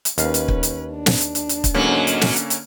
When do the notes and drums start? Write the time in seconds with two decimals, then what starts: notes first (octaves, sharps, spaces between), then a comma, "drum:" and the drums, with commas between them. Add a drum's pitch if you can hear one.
0.05 drum: hi-hat
0.18 D#2 C#4 B4 F5, drum: hi-hat
0.34 drum: hi-hat
0.48 drum: kick
0.63 drum: hi-hat
0.92 D4
1.06 drum: snare
1.20 drum: hi-hat
1.35 drum: hi-hat
1.49 drum: hi-hat
1.64 drum: kick, hi-hat
1.74 G#2 D3 F#3 A#3 B3 C#4
2.07 drum: hi-hat
2.21 drum: snare
2.36 drum: hi-hat
2.50 drum: hi-hat